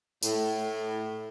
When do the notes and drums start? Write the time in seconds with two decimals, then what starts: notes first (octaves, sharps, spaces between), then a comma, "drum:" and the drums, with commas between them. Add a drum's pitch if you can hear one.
0.23 A2, drum: tambourine